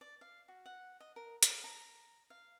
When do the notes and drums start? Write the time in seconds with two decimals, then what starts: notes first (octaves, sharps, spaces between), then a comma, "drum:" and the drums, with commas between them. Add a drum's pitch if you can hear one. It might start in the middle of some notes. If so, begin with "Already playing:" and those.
0.01 D5
0.21 F5
0.48 F#4
0.66 F#5
1.00 D#5
1.16 A#4
1.43 F5, drum: hi-hat
1.64 A#5
2.30 F5